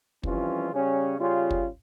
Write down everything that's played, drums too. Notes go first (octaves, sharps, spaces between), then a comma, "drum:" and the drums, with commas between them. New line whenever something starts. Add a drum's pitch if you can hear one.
F2 E3 G3 C#4 F4, drum: kick
C#3 G3 C#4
C#3 G3 C#4 F4
drum: kick